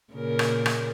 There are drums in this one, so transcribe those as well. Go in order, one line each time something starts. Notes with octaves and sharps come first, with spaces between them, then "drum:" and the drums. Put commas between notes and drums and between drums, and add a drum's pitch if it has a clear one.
A#2 C#3 A#4
drum: rim click
drum: rim click